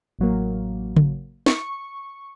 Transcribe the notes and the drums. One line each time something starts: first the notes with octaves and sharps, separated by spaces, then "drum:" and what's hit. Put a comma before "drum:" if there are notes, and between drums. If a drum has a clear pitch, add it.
A1 F#3 A#3
drum: tom C#3
C#6, drum: snare